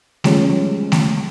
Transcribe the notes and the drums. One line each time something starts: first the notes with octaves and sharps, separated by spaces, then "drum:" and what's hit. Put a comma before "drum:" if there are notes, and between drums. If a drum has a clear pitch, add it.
F3 G3 G#3 C#4, drum: snare A3
drum: snare A3